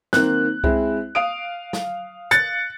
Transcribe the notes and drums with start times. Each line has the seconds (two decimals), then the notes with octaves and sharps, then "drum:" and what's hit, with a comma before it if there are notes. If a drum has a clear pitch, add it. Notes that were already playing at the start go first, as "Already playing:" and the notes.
0.13 D#3 A#3 C4 F#6, drum: snare
0.64 G#3 C4 E4, drum: kick C2
1.15 F5 D#6 D7
1.73 drum: snare
2.31 F#6 A6 C#7, drum: hi-hat